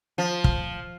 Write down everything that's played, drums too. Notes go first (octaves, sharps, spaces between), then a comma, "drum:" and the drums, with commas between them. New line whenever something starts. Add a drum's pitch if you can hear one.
F3
drum: kick